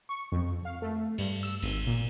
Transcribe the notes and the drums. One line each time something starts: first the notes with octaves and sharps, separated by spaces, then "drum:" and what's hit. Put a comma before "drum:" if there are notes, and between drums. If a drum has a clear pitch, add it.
C#6
F2
F5
A3
G2, drum: cymbal
E6
G#1, drum: cymbal
A#2